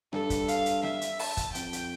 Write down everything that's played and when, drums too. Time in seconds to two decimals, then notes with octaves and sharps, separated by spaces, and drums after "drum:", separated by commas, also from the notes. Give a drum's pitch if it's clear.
0.13 G2 A4, drum: rim click
0.30 drum: kick, hi-hat
0.48 F5, drum: hi-hat
0.66 drum: hi-hat
0.83 E5, drum: rim click
1.01 drum: hi-hat
1.19 A5, drum: open hi-hat
1.37 drum: kick, hi-hat
1.55 F2 G5, drum: hi-hat
1.73 drum: hi-hat